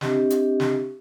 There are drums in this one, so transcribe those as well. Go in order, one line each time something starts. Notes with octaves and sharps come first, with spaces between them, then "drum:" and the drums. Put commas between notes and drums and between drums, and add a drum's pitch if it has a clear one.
C4 D4 G4 D#5 E5, drum: snare
drum: hi-hat
drum: snare